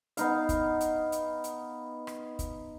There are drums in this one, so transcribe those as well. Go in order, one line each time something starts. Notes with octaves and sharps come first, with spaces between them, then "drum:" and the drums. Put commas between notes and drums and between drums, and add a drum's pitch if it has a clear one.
B3 D#4 F5, drum: hi-hat
drum: kick, hi-hat
drum: hi-hat
drum: hi-hat
drum: hi-hat
drum: rim click
drum: kick, hi-hat